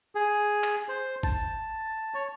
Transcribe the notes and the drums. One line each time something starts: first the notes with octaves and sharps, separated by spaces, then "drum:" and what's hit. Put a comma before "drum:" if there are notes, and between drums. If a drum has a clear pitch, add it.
G#4
drum: clap
C5
A5, drum: kick G#1
C#5